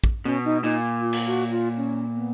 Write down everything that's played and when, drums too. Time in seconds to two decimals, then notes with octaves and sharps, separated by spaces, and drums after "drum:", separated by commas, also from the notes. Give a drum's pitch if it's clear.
0.04 drum: kick
0.25 B2 C#4
0.45 D#4
0.63 A#2 D#4
1.01 F4
1.13 drum: cymbal
1.26 F#4
1.51 F4
1.77 C#4
2.15 B3